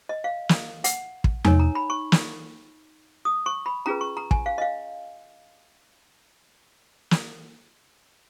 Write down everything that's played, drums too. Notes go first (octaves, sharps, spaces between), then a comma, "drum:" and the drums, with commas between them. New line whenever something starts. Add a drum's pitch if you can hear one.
D#5
F5
drum: snare
F#5, drum: hi-hat
drum: kick
D#4 A#4 C#5 G#5, drum: tom E2
A#5
B5
C#6
drum: snare
D#6
C#6
B5
C#4 F4 G#4 B4 A#5
C#6
A#5
G#5, drum: kick
F5
D#5
F5
drum: snare